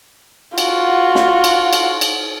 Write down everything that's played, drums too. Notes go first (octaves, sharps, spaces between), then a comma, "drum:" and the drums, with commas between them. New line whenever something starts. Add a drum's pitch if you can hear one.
F4 F#4, drum: cymbal
drum: snare
drum: cymbal
drum: cymbal
drum: cymbal